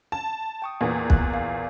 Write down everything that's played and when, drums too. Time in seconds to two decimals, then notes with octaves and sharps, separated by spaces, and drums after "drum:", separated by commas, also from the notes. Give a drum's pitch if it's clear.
0.12 A5
0.62 G5 C#6 D#6
0.81 E2 A#2 A#3 B3
1.10 F#6, drum: kick
1.34 F5